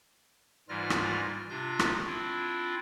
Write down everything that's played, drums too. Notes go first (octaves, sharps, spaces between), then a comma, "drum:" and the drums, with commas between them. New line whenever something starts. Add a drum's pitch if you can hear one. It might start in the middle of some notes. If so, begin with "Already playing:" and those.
G#2 E3 G3 F4 F6 A#6
drum: rim click
C3 D4 F4 G6 A#6
drum: rim click
C4 D4 E4 F4